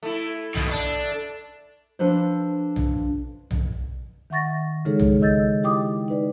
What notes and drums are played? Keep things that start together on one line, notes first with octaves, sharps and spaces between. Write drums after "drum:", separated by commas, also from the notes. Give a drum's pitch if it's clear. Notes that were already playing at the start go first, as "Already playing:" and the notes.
A3 E4
D#2 B2, drum: tom B1
D4
F3 D4 A4 B4 C5
drum: tom B1
drum: tom B1
D#3 E5 F#5 C#6 A6 A#6
C#3 G#3 D#4 G#4 A4 C#5
drum: tom B1
A4 D#5 E6 G6 A6
E4 G4 G5 D6 D#6
D#4 B4 D5